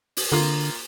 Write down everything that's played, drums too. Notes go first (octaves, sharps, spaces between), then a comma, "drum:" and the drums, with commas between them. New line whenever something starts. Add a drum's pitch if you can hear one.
drum: open hi-hat
D3 A#3 F4